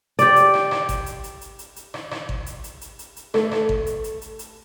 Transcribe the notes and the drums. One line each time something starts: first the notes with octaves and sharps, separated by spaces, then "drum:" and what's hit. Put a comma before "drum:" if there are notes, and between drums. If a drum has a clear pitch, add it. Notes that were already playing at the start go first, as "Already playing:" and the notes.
G4 D5, drum: hi-hat
drum: hi-hat
drum: rim click
drum: rim click
drum: kick G#1, hi-hat
drum: hi-hat
drum: hi-hat
drum: hi-hat
drum: hi-hat
drum: hi-hat
drum: rim click
drum: rim click
drum: kick G#1
drum: hi-hat
drum: hi-hat
drum: hi-hat
drum: hi-hat
drum: hi-hat
A3, drum: rim click
drum: rim click
drum: kick G#1
drum: hi-hat
drum: hi-hat
drum: hi-hat
drum: hi-hat